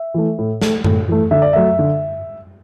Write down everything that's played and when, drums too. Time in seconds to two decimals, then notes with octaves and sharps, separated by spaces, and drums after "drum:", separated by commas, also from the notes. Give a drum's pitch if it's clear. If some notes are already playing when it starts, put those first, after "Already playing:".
Already playing: E5
0.14 E3 A3
0.38 A2
0.62 A3, drum: snare
0.84 A2, drum: tom F#2
1.08 E3 A3
1.31 D3 E5
1.42 D5
1.53 F#3 A3 E5
1.79 D3